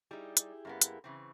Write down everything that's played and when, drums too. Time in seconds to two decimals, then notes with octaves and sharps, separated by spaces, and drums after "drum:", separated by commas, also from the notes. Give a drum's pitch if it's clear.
0.11 G3 D#4 E4 G4 G#4
0.37 drum: hi-hat
0.65 F#2 A#3 B3
0.82 drum: hi-hat
1.04 C#3 E3 C4